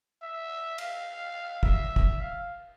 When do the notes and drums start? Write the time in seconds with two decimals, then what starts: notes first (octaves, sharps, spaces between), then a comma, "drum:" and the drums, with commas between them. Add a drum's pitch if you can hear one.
0.22 E5
0.78 F5, drum: cymbal
1.63 E5, drum: kick
1.96 drum: kick
2.20 F5